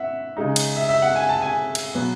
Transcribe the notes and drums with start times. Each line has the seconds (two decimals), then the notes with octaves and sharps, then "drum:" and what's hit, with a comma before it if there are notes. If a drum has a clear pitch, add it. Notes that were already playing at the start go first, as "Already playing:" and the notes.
Already playing: E5 F#5
0.37 C#3 G#3 D#4
0.56 drum: cymbal
0.76 E5
0.89 E5
1.02 F#5
1.16 G#5
1.29 A5
1.42 G#5
1.75 drum: cymbal
1.95 B2 F#3 B3